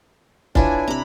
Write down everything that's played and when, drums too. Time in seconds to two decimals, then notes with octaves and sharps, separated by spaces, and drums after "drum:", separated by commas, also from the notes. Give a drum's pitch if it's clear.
0.55 D4 E4 F4 B4 C#5 G#5, drum: kick
0.88 C3 A#5 B5